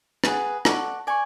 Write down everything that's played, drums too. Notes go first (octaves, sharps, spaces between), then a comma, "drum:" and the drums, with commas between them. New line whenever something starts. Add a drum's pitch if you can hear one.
G#4 B4 F#5, drum: rim click
A4 D5 F#5 C#6, drum: rim click
D5 G#5 C#6